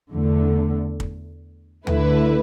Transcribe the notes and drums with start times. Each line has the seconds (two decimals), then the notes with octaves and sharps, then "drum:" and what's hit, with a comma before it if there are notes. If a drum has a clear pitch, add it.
0.12 E2 D3 A3
1.00 drum: kick
1.87 D3 A3 E4 B4, drum: tom D2